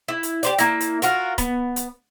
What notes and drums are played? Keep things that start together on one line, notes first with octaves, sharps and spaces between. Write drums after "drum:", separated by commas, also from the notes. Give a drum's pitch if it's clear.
E4
drum: hi-hat
G4 C5 D5, drum: hi-hat
A#3 E4, drum: hi-hat
drum: hi-hat
F4 F#4 A#4, drum: hi-hat
B3, drum: kick C#1, hi-hat
drum: hi-hat